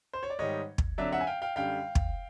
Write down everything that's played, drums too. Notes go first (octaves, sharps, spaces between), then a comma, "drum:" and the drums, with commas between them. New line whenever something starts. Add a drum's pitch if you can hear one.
C5
C#5
D5
G#2 D#3 G3 C#5 D#5
drum: kick
F2 D3 F#3 D5 E5
E5 F#5
G#5
F5 G5
F5 G5
F#2 D3 G3 F5 G5
drum: kick